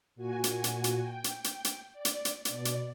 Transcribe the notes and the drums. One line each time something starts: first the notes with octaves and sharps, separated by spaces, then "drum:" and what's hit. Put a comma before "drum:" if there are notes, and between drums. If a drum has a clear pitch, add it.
A#2 F#4 G#5
drum: hi-hat
drum: hi-hat
drum: hi-hat
G5
drum: hi-hat
drum: hi-hat
drum: hi-hat
D5
drum: hi-hat
drum: hi-hat
B2 D5, drum: hi-hat
drum: hi-hat